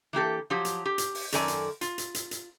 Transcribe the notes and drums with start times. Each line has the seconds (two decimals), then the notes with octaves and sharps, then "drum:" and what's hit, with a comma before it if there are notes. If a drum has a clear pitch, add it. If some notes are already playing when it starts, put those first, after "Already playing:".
0.13 E3 A#3 G4 A4
0.50 F3 F#3 G4
0.65 drum: hi-hat
0.85 G4
0.98 drum: hi-hat
1.15 drum: open hi-hat
1.32 F#2 D#3 A4 A#4 D5 G#5, drum: hi-hat
1.48 drum: hi-hat
1.81 F4, drum: hi-hat
1.98 drum: hi-hat
2.14 drum: hi-hat
2.31 drum: hi-hat